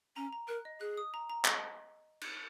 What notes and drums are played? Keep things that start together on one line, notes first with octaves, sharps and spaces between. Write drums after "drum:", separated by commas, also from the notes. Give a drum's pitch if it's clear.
C#4 A#5
A#5
A#4 F#6
D#5
G#4 F#6
D#6
A#5
A#5
D#5, drum: clap
drum: cymbal